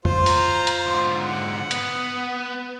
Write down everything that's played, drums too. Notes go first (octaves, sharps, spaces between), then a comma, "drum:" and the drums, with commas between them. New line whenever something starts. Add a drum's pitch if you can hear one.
F4 C5, drum: tom F2
A#5, drum: open hi-hat
drum: hi-hat
G#2 D3
F#5
B3, drum: hi-hat